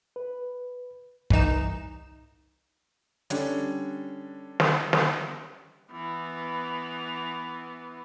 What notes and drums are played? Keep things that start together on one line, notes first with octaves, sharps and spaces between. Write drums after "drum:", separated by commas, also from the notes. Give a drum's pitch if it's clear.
B4
C2 E3 D#4 E7, drum: kick
D3 G3 C#4 D4, drum: hi-hat
drum: snare
drum: snare
E3 B3